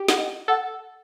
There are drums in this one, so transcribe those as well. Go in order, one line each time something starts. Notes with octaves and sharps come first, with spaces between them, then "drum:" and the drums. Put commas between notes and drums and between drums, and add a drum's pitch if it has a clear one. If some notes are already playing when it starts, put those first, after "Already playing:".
Already playing: G4
F#5, drum: snare
D#5
A4 F#5